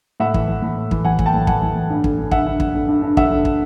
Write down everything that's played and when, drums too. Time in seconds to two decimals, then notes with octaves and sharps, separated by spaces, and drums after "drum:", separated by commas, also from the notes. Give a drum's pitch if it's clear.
0.20 A2 E5 F#5
0.34 E3, drum: kick
0.48 E3
0.62 A2
0.77 A2
0.91 E3, drum: kick
1.05 E3 F#5 G#5
1.19 A2, drum: kick
1.26 G5 A5
1.33 A2
1.47 E3 F#5 G#5, drum: kick
1.62 E3
1.75 A2
1.90 G2
2.04 D3, drum: kick
2.18 D3
2.31 G2 E5 F#5, drum: kick
2.46 G2
2.60 D3, drum: kick
2.74 D3
2.89 G2
3.02 G2
3.17 D3 E5 F#5, drum: kick
3.30 D3
3.45 drum: kick